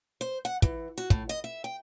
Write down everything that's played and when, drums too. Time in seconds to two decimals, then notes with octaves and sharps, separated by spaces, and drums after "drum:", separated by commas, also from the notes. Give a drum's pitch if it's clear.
0.21 C5
0.45 F#5
0.62 E3, drum: kick
0.98 F#4
1.10 A2, drum: kick
1.29 D#5
1.44 E5
1.64 G5